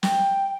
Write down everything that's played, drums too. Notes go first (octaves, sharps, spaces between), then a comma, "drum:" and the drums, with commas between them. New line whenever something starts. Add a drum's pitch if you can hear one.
G5, drum: snare